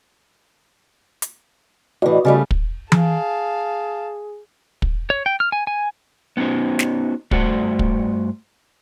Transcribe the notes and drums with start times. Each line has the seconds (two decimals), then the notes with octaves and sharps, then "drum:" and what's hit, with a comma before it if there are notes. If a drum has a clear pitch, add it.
1.22 drum: hi-hat
2.02 A2 E3 F#4 D5 D#5
2.25 C#3 G3 A3
2.51 drum: kick
2.92 G#4 F5 A5, drum: tom E3
4.82 drum: kick
5.10 C#5
5.26 G5
5.40 F6
5.52 G#5
5.67 G#5
6.37 B3 C#4 D#4 F#4 C5
6.79 drum: snare
7.31 G2 A3 F#4 C5 D5 F#5, drum: kick
7.79 drum: kick